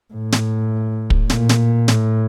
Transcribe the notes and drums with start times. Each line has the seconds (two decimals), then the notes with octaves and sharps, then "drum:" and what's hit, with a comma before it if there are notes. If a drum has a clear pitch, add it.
0.14 A2
0.32 drum: snare
1.10 drum: kick
1.30 A#2, drum: snare
1.49 drum: snare
1.88 A2, drum: snare